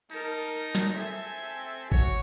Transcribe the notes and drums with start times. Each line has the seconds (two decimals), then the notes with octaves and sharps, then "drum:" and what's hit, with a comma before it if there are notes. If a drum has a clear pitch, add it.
0.11 D#4 A#4 A5
0.75 drum: snare
0.95 C4 A4 E5 G#5
1.92 F#4 C#5, drum: kick G#1